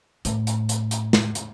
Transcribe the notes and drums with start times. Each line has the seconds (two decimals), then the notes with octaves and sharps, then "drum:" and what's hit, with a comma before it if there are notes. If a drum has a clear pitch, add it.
0.25 A2, drum: hi-hat
0.47 drum: hi-hat
0.69 drum: hi-hat
0.91 drum: hi-hat
1.13 drum: snare
1.35 drum: hi-hat